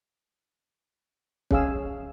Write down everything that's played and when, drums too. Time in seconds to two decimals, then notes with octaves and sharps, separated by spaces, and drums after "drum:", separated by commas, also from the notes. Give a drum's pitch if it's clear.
1.51 C#4 G#4 F5 E6, drum: kick